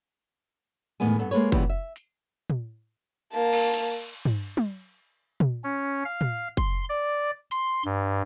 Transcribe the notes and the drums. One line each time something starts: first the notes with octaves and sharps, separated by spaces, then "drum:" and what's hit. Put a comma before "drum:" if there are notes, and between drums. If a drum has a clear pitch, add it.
E2 A2 D#3 G#3 B3 G#5
G2 B3 A4
G#3 A#3 A4 B4 C#5
A#2 C#3 E3 G3 B3 G4, drum: kick
E5
drum: hi-hat
drum: tom
A#3 A5
drum: cymbal
drum: cymbal
drum: tom
drum: tom
drum: tom
C#4
F5
drum: tom
C6, drum: kick
D5
C6, drum: hi-hat
G2